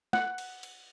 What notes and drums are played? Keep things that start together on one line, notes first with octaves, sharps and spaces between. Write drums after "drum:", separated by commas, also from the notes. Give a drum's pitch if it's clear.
F#5, drum: snare
drum: cymbal
drum: cymbal